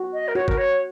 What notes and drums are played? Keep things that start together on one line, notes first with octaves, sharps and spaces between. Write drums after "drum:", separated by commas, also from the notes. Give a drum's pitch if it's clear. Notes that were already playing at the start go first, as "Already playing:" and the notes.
Already playing: F#4
D#5
A#4
F#4 C#5
A#4, drum: kick G1
C#5